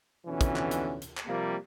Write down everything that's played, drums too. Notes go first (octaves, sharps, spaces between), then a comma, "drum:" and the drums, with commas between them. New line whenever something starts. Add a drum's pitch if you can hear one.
F2 B2 D3 E3 C#4
drum: kick, hi-hat
drum: clap
drum: hi-hat
drum: hi-hat
drum: clap
C3 F3 G3 A#3